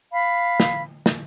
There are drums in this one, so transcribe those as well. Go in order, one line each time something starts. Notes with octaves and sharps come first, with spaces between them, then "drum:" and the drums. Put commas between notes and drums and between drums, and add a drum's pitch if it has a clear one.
F5 B5
drum: snare
drum: snare